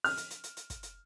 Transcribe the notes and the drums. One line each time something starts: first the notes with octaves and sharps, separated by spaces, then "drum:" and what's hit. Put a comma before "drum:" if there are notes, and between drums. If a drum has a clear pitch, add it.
F6, drum: open hi-hat
drum: hi-hat
drum: hi-hat
drum: hi-hat
drum: hi-hat
drum: kick, hi-hat
drum: hi-hat